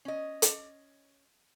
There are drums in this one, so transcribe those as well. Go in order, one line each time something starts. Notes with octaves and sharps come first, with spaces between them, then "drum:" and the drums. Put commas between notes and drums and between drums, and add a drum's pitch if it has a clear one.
C#4 D#5
drum: hi-hat